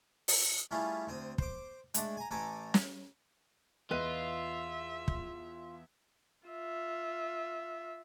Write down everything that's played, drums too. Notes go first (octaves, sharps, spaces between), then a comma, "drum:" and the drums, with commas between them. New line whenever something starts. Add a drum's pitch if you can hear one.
drum: open hi-hat
G3 A3 C#4 E4 F4 G#4
D2 C4 D#6
C5 D6, drum: kick
G#3 A3 D4, drum: hi-hat
G#5 A#5
A1 A3 A4 G#5 A#5 D6
drum: snare
E2 F4 B4 D#5 E5
drum: kick
F4 E5